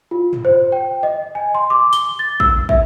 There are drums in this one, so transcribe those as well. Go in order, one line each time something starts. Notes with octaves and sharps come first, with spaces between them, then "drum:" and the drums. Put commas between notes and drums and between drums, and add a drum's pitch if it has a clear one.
F4
drum: tom
C5
G5
D#5
G#5
C6
D6
G7, drum: hi-hat
A6
E6, drum: kick
E5, drum: kick